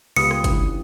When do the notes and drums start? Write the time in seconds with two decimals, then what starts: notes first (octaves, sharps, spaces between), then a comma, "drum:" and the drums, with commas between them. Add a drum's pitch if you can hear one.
0.17 C#2 B3 F4 G4 D#6 C#7, drum: open hi-hat
0.31 drum: rim click
0.44 E3 C#4 D4, drum: kick, hi-hat